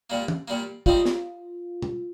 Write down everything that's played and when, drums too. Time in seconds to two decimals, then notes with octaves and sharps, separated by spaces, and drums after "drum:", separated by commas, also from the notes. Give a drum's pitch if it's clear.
0.10 A#2 G3 A#3
0.28 drum: tom
0.48 A#2 G3 A#3
0.86 G3 C4 D#4 F4, drum: kick
1.05 drum: snare
1.82 drum: tom